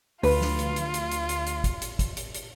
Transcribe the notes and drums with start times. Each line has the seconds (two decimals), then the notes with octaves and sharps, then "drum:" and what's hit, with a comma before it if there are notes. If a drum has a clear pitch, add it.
0.23 D2 F4 B4, drum: open hi-hat
0.41 drum: snare
0.58 drum: hi-hat
0.76 drum: hi-hat
0.94 drum: hi-hat
1.11 drum: hi-hat
1.29 drum: hi-hat
1.46 drum: hi-hat
1.64 drum: kick, hi-hat
1.81 drum: hi-hat
1.99 drum: kick, hi-hat
2.17 drum: hi-hat
2.34 drum: hi-hat